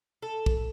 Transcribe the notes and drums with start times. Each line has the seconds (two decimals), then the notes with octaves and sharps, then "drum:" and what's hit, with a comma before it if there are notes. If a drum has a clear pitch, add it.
0.22 A4
0.46 drum: kick